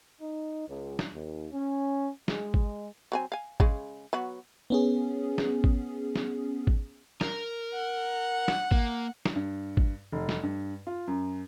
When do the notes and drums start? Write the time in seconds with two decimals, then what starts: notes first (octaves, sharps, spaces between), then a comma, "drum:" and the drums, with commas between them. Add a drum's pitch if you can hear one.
0.21 D#4
0.68 C#2
0.99 drum: snare
1.13 D#2
1.53 C#4
2.28 G#3, drum: snare
2.54 drum: kick G#1
3.12 F#3 C4 G#5
3.32 F5 G#5
3.60 C#3 G#3, drum: kick G#1
4.13 F#3 B3 F#4
4.70 B3 C#4 G#4
5.38 drum: snare
5.64 drum: kick G#1
6.16 drum: snare
6.67 drum: kick G#1
7.21 A#4, drum: snare
7.74 F#5
8.48 drum: snare
8.71 A#3, drum: kick G#1
9.25 drum: snare
9.36 G2
9.77 drum: kick G#1
10.12 F1
10.29 drum: snare
10.43 G2
10.87 F4
11.07 F#2